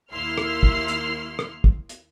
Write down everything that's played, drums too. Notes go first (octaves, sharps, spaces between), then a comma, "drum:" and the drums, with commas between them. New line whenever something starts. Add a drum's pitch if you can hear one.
D#2 A#3 E4 C6 F6
drum: rim click
drum: kick
drum: hi-hat
drum: rim click
drum: kick
drum: hi-hat